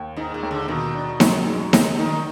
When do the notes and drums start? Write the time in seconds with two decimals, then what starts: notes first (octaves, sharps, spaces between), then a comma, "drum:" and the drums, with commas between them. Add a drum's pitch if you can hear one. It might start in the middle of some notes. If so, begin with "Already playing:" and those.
Already playing: D#2
0.17 G#2 D#4
0.34 A#2
0.43 D#2
0.51 D3
0.68 B2 D#3
0.94 D4
1.20 F#2, drum: snare D#4
1.46 G#3
1.73 D#4, drum: snare D#4
1.99 D#3 D#4